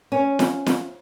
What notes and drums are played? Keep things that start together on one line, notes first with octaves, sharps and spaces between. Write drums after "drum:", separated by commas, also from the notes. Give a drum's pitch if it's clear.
C#4
drum: snare
drum: snare